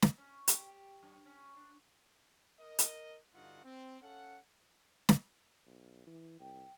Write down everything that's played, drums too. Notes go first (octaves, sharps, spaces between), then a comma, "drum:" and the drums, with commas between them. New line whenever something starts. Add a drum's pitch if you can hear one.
drum: snare
C#4
G4, drum: hi-hat
G4
F#2
C#4
D4
A#4 D#5
drum: hi-hat
G2 D3 D#4 F4 F#4 F#5
C4
C#4 A4 F5 F#5
drum: snare
B1
E3
C2 G5